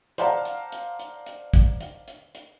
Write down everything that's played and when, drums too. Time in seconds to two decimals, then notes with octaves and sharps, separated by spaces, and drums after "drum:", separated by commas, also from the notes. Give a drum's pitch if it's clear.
0.18 C5 D5 F5 F#5 A5 A#5, drum: hi-hat
0.45 drum: hi-hat
0.72 drum: hi-hat
0.99 drum: hi-hat
1.26 drum: hi-hat
1.54 drum: kick, hi-hat
1.81 drum: hi-hat
2.08 drum: hi-hat
2.35 drum: hi-hat